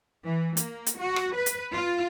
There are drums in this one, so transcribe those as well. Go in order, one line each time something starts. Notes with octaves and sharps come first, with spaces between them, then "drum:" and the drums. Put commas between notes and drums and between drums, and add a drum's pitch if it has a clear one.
E3
A#3, drum: hi-hat
drum: hi-hat
F#4
drum: rim click
B4
drum: hi-hat
F4